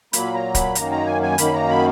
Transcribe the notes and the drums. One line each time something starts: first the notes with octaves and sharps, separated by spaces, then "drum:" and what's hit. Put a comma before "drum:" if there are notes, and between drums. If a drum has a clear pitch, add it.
A#2 F#3 A#3 B5, drum: hi-hat
A#5
B5, drum: kick, hi-hat
F#2 D#3 A#3 A#5, drum: hi-hat
A#5
G#5
G#5
F#2 D#3 A#3 B5, drum: hi-hat
A#5
B5